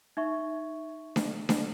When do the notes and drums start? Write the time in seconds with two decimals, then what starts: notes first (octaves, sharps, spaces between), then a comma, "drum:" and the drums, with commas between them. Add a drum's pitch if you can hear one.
0.17 D#4 E5 C#6
1.16 drum: snare D4
1.49 drum: snare D4